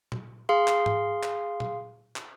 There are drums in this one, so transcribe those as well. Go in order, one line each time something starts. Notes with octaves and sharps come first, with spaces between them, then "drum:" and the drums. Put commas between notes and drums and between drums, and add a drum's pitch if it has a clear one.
drum: tom A#2
G#4 F5 C6
drum: clap
drum: tom G#2
drum: clap
drum: tom A#2
drum: clap